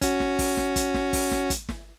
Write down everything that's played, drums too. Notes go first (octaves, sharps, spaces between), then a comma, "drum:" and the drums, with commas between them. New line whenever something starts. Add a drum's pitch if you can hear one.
C#4 F#4, drum: kick, hi-hat
drum: snare
drum: kick, open hi-hat
drum: snare
drum: kick, hi-hat
drum: snare
drum: kick, open hi-hat
drum: snare
drum: kick, hi-hat
drum: snare